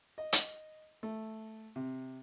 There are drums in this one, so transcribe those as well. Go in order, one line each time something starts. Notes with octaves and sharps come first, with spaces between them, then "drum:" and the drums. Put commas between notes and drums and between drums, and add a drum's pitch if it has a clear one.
D#5
drum: hi-hat
A3
C3